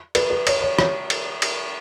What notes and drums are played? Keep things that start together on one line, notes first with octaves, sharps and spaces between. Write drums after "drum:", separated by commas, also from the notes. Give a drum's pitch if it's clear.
B4, drum: cymbal
B4
C#5, drum: cymbal
C#5
C#5, drum: rim click
drum: cymbal
drum: cymbal